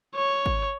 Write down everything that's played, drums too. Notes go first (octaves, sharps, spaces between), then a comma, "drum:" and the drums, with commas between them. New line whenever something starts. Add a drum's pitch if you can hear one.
C#5
drum: kick